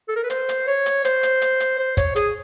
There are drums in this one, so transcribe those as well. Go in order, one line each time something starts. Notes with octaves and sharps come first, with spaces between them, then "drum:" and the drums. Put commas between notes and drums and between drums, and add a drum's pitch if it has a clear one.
A4
A#4
B4
C5, drum: hi-hat
drum: hi-hat
C#5
drum: hi-hat
C5, drum: hi-hat
drum: hi-hat
drum: hi-hat
drum: hi-hat
C5
C#5, drum: kick, hi-hat
G#4, drum: hi-hat